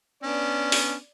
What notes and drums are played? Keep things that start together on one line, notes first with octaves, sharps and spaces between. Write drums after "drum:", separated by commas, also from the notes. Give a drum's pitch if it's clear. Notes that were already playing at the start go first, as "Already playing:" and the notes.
B3 C#4 D4 D5
drum: open hi-hat